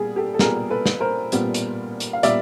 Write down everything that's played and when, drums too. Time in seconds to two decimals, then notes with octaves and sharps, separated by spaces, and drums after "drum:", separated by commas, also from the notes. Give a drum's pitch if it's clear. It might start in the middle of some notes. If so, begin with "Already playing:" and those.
Already playing: A#2 G3 B3 G#4
0.16 G4 A4
0.34 A4
0.39 A#2 G3 B3 G#4 A#4, drum: snare
0.70 A4 B4
0.86 drum: snare
1.00 A#4 C5
1.32 A#2 G3 B3, drum: hi-hat
1.54 drum: hi-hat
2.00 drum: hi-hat
2.13 F5
2.23 A#2 G3 B3 D5 E5, drum: hi-hat